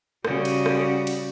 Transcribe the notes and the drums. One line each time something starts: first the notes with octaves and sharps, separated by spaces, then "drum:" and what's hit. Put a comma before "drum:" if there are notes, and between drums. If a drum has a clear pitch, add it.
C#3 G3 F#4, drum: rim click
drum: cymbal
drum: rim click
drum: cymbal